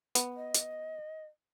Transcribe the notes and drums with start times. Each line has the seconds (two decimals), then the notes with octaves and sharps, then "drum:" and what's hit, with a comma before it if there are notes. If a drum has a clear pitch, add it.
0.15 B3, drum: hi-hat
0.37 D#5
0.54 drum: hi-hat